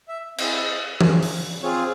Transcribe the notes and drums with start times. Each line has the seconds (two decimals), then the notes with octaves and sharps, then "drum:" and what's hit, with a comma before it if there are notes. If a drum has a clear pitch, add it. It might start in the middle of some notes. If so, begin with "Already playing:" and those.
0.08 E5
0.38 C4 E4 G#4 D#5, drum: cymbal
1.01 C4 F4 G#4, drum: tom E3
1.22 drum: open hi-hat
1.62 C4 F4 G#4 C#5